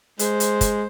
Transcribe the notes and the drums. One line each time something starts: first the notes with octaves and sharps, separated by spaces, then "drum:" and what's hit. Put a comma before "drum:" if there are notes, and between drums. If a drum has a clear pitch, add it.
G#3 C5, drum: hi-hat
drum: hi-hat
drum: kick, hi-hat